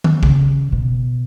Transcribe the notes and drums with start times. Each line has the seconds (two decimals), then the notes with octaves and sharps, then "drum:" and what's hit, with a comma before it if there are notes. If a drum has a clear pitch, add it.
0.04 drum: tom D#3
0.23 C#3, drum: kick
0.72 B2